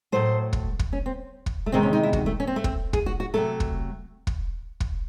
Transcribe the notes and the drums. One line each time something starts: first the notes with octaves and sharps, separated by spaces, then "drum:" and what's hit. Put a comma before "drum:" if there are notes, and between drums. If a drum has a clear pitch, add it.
A2 F#3 A3 C5
drum: kick
drum: kick
C#4
C4
drum: kick
A3
E2 C3 D#3 G#3 C4
C#4
D#4
E4
F#4, drum: kick
A3
C#4
C4
A3
C4, drum: kick
G#4, drum: kick
F#4
F#4
C3 F#3 A3 A4
drum: kick
drum: kick
drum: kick